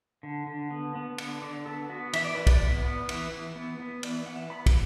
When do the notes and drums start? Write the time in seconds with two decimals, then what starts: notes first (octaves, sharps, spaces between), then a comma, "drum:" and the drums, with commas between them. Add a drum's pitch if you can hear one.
0.23 D3
0.47 D3
0.71 B3
0.95 B3
1.18 D3 F#5, drum: cymbal
1.42 D3 D5
1.66 B3 A4
1.90 B3 F#4
2.13 E3 E5, drum: cymbal
2.25 D5
2.35 E3 B4
2.47 D5, drum: kick, cymbal
2.61 B3
2.85 B3
3.09 E3 B4, drum: cymbal
3.32 E3
3.56 B3
3.80 B3
4.03 E3 D5, drum: cymbal
4.26 E3 F#5
4.50 B3 B5
4.66 drum: kick, cymbal